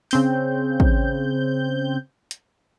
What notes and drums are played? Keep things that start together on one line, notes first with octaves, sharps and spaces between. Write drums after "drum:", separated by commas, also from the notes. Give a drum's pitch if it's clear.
C#3 C4 G6, drum: open hi-hat
drum: kick
drum: hi-hat